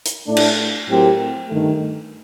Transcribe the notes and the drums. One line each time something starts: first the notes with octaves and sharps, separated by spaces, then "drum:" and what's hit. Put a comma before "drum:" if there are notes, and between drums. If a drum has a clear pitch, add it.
drum: hi-hat
A2 A3 D4
drum: cymbal
A2 F#3 C4 G4 A#4
G2 D#3 A3